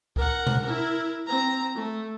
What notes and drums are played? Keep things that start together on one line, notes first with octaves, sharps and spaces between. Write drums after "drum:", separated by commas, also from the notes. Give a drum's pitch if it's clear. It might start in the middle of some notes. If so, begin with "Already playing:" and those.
A#4 F#5, drum: kick C#2
drum: tom B2
E4 A#4
C4 A#5
A3